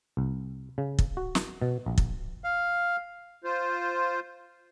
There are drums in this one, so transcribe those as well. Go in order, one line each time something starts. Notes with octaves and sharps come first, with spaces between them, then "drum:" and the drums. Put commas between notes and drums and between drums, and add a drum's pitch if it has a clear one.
C2
C#3
drum: kick
F#4
drum: snare
B2
A#1
drum: kick
F5
F4 C5